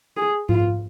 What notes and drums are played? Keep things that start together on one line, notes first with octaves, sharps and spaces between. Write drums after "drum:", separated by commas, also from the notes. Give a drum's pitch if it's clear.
G#4
F4, drum: tom G#2